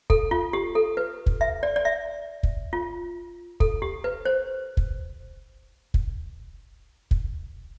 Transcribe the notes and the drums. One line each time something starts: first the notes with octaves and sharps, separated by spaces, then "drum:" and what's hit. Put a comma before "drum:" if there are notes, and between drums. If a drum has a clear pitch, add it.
A4, drum: kick
F4
G4
A4
B4
drum: kick
E5
D5
D5
E5
drum: kick
F4
A4, drum: kick
G4
B4
C5
drum: kick
drum: kick
drum: kick